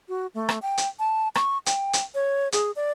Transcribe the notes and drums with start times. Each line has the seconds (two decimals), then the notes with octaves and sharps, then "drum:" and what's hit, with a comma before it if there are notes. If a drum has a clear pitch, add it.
0.09 F#4
0.34 A3
0.49 drum: rim click
0.62 G5
0.78 drum: hi-hat
0.99 A5
1.35 C#6, drum: rim click
1.66 G5, drum: hi-hat
1.93 drum: hi-hat
2.15 C#5
2.52 G#4, drum: hi-hat
2.76 D5